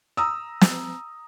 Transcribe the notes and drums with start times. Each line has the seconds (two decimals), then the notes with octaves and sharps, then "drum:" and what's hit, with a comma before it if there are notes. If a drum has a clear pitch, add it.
0.17 A#5 D#6 E6
0.61 drum: snare